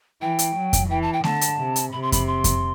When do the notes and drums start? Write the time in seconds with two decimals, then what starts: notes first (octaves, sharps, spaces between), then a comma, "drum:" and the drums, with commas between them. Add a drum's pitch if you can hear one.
0.21 E3 G5
0.39 drum: hi-hat
0.56 F#3
0.73 drum: kick F2, hi-hat
0.89 E3 G5
1.02 A5
1.13 G5
1.24 D3 A5, drum: snare A3
1.41 drum: hi-hat
1.58 C3
1.76 drum: hi-hat
1.92 C3 B5
2.02 C6
2.12 B5, drum: kick F2, hi-hat
2.27 C6
2.44 drum: kick F2, hi-hat